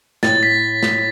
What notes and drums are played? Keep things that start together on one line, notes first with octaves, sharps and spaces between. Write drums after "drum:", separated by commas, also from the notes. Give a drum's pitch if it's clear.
A2 A6, drum: snare
B6
drum: snare